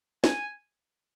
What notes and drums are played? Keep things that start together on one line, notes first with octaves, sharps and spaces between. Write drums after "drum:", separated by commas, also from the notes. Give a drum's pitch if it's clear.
G#5, drum: snare